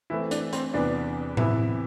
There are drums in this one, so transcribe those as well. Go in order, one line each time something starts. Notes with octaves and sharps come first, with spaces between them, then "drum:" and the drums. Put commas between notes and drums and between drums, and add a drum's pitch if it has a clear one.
E3 A3 C4 E4
D4, drum: hi-hat
C4, drum: hi-hat
E2 C3 E3 B3 D4
C3 E3 B3 E4, drum: tom A2